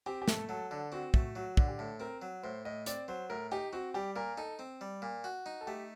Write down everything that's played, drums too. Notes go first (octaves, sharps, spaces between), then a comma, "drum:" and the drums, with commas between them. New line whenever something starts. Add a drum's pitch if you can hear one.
C4 G4
G4
A3 A4, drum: snare
F#3 A4
D3 A4
C4 F#4
A3 F#4, drum: kick
F#3 F#4
D3, drum: kick
G4
A2 A4
C4 A#4
F#3
A2 C5
A2 D#5
C4 D5, drum: hi-hat
F#3 C5
A2 A#4
D#4 G4
C4 F#4
G3 G4
A#2 A#4
D#4 A4
C4
G3
A#2
F#4
D#4
A4
A3 G4